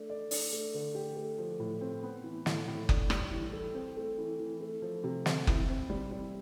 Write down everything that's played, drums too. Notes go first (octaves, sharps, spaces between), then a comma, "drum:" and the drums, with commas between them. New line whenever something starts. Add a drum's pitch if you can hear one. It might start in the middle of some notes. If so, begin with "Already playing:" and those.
Already playing: A3 D4
D5
D4, drum: open hi-hat
A3
D3
G4
A3
F3
A2
C4
B3
E3
A2, drum: snare
A2
D4, drum: kick F#1
G3, drum: rim click
E3
A4
C4
A3
E3
E3
A3
F3
C3
C4, drum: snare
E4, drum: kick F#1
C4
G3
G3